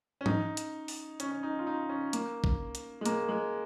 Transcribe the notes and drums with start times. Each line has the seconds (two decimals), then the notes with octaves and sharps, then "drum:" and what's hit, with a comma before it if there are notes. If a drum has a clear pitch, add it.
0.21 C#4
0.26 D#4, drum: tom
0.57 drum: hi-hat
0.88 drum: open hi-hat
1.20 C#4, drum: hi-hat
1.31 C#4
1.43 D#4
1.59 F4
1.67 D#4
1.89 C#4
2.13 A#3, drum: hi-hat
2.44 drum: kick
2.75 drum: hi-hat
3.01 G#3
3.05 A#3, drum: hi-hat
3.29 G#3